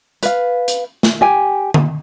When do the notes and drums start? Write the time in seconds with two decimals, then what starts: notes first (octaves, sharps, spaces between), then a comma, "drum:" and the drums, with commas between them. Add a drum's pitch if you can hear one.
0.23 B4 F5, drum: hi-hat
0.68 drum: hi-hat
1.03 drum: snare
1.21 G4 G#5
1.74 drum: tom D3